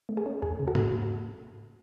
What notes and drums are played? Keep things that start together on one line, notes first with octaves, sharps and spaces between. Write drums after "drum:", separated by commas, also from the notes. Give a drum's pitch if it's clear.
A3
G#4
C#4
E2 G#4
C#3
F#4 A4
C#3, drum: tom